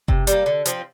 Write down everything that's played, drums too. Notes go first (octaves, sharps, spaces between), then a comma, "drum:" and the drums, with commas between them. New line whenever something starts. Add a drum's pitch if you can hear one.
C3, drum: kick F#1
G3, drum: hi-hat
A#3
D3
F3 C4, drum: hi-hat